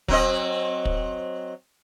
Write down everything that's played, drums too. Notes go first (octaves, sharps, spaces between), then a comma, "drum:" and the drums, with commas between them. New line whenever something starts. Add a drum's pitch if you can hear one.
F#3 C4 D#5, drum: kick
drum: kick